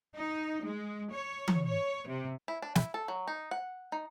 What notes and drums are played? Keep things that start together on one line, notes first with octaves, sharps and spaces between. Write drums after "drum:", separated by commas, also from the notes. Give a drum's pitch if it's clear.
D#4
G#3
C#5
drum: tom E3
C#5
C3
E4
D4
E4, drum: snare
A4
F#3
D#4
F#5
D#4